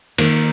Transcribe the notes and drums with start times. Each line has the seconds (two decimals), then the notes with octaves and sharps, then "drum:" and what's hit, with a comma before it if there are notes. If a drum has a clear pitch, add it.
0.18 D#3 A#3, drum: cymbal